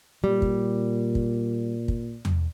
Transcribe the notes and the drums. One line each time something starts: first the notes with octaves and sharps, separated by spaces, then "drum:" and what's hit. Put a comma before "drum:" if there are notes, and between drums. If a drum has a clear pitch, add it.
A#2 G3
drum: kick
drum: kick
drum: kick
drum: tom E2